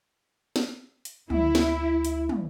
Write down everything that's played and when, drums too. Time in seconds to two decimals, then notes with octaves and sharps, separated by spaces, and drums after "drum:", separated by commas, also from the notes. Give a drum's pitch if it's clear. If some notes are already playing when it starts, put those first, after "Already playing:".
0.56 drum: snare
1.05 drum: hi-hat
1.30 D2 E4, drum: tom
1.55 drum: snare
2.05 drum: hi-hat
2.29 drum: tom